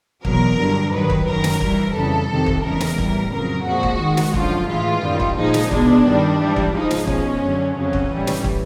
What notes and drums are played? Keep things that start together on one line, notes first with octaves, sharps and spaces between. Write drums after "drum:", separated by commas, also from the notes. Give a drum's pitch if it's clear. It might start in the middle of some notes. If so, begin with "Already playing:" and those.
E2 B2 F#3 A#4, drum: kick
G2 D3 F#3
G2 D#3 F#3 B4
drum: kick
F#2 D#3 F#3 A#4
drum: snare
G2 E3 G3, drum: kick
F2 C#3 E3 G3 A4
F2 C3 D#3
drum: kick
E2 C#3 E3 G#3 A#4
drum: snare
A2 E3 G3, drum: kick
F2 C#3 F#3 A#4
A#2 F3 G#3 F#4
drum: kick
G#2 D#3 G#3
drum: snare
F#2 D3 F3 F4, drum: kick
A2 E3 G#3 F4
F#2 D#3 G3
drum: kick
A#2 F3 G#3 D#4
drum: snare
E2 B2 G#3 D4, drum: kick
G2 D#3 G3
G#2 E3 G3
drum: kick
G#2 F3 G#3 D#4
drum: snare
B2 G#3 C#4, drum: kick
F#2 D3 F#3
F2 C#3 F#3 C#4
drum: kick
A2 E3 G3
drum: snare
drum: kick